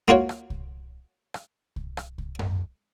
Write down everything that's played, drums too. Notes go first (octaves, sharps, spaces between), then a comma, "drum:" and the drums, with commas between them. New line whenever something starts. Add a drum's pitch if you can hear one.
A#3 F4 F#4 C#5
drum: rim click
drum: kick C2
drum: rim click
drum: kick C2
drum: rim click
drum: kick C2
drum: tom F#2